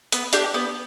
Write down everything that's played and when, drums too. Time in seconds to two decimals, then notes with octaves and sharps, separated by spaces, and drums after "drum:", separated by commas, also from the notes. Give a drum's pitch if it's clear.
0.12 B3, drum: hi-hat
0.33 D4 G4, drum: hi-hat
0.54 B3